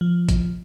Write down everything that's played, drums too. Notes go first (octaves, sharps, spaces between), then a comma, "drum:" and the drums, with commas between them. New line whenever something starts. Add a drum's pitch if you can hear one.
F3
drum: kick, hi-hat